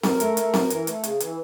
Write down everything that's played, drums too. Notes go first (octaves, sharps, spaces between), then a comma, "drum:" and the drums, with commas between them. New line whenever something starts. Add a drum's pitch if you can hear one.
F#2 A#4, drum: snare C4
A3, drum: hi-hat
A3, drum: hi-hat
F#2, drum: snare C4
E3, drum: hi-hat
A3, drum: hi-hat
C#3, drum: hi-hat
E3, drum: hi-hat